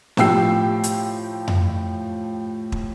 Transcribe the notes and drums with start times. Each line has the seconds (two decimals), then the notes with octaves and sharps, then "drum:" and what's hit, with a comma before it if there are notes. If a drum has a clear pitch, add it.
0.17 A2 F3 G4 G5 E6 C7, drum: snare
0.84 drum: hi-hat
1.48 drum: tom F2
2.72 drum: kick